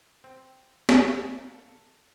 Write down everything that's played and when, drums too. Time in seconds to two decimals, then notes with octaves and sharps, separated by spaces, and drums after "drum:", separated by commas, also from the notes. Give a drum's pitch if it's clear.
0.24 C4
0.89 drum: snare
1.36 A#4 F5
1.53 A4